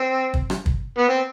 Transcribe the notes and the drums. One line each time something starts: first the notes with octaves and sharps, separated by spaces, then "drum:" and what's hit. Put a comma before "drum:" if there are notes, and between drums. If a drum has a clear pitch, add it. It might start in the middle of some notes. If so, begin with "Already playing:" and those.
Already playing: C4
drum: kick
drum: rim click
drum: kick
B3
C4